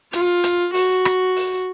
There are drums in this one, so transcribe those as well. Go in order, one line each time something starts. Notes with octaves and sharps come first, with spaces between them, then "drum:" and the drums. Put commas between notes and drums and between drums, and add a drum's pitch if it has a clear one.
F4, drum: hi-hat
drum: hi-hat
F#4, drum: open hi-hat
drum: rim click
drum: open hi-hat